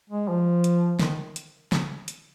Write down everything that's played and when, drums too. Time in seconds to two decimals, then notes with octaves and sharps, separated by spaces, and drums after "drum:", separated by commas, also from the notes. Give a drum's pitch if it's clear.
0.10 G#3
0.29 F3
0.64 drum: hi-hat
0.99 D#3, drum: snare
1.36 drum: hi-hat
1.72 drum: snare
2.08 drum: hi-hat